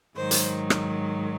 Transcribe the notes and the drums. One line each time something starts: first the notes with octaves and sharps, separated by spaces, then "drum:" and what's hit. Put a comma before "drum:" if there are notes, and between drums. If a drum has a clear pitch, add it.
G#2 D#3 F#3 C5
drum: hi-hat
drum: rim click